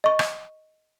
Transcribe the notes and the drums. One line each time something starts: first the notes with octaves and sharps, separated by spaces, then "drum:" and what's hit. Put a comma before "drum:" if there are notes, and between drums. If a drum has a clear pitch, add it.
D#5 C#6
drum: rim click